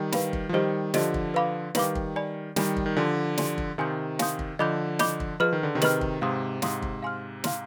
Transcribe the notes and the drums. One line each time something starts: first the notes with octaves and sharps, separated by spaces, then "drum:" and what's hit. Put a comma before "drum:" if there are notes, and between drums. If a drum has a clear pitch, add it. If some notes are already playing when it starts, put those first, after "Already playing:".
Already playing: D#3 G3
B4 F5 B5, drum: snare
drum: kick
F3
D#3 G3 G4 C5 D#5
D3 F3 G4 C5 D#5, drum: snare
drum: kick
B4 F5 B5 D6
D#3 G3 B4 F5 B5 D6, drum: snare
drum: kick
D5 G#5 B5
D#3 G3 D5 G#5 B5, drum: snare
drum: kick
D#3
D3 F3 G4 D5 G#5 C6
G4 D5 G#5 C6, drum: snare
drum: kick
C3 D#3 F5 G#5 C6 D#6 G6
F5 G#5 C6 D#6 G6, drum: snare
drum: kick
D3 F3 D#5 B5 D6 G6
D#5 B5 D6 G6, drum: snare
drum: kick
F3 G#4 B4 D#5 B5 F6
D#3
D3
C3 D#3
G#4 B4 D#5 B5 F6, drum: snare
drum: kick
G#2 C3 F5 C6 D#6
G#2 C3 F5 C6 D#6, drum: snare
drum: kick
F5 G#5 C6 F6
F5 G#5 C6 F6, drum: snare